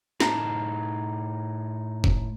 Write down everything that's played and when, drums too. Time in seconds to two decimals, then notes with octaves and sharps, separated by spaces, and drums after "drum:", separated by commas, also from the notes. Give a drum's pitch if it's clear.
0.20 A2 D#4 A5 A#5, drum: snare
2.04 drum: kick